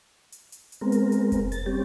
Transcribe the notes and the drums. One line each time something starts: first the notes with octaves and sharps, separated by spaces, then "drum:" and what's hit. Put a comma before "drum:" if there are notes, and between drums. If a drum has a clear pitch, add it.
drum: hi-hat
drum: hi-hat
drum: hi-hat
G#3 B3 C4 A#4
drum: hi-hat
drum: hi-hat
drum: kick F1, hi-hat
A6, drum: hi-hat
G3 C4 C#4 G4